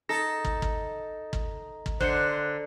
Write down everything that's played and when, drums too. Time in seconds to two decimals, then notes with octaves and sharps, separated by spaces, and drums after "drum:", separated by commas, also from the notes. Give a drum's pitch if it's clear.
0.09 D#4 A4 A#6
0.45 drum: kick
0.62 drum: kick
1.33 drum: kick
1.86 drum: kick
2.01 D3 C5 F#6 C#7, drum: kick